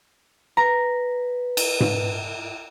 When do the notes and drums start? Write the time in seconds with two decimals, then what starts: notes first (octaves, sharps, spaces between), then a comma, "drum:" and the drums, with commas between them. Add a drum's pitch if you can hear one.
0.57 B4 A#5
1.57 drum: cymbal
1.80 drum: tom G#2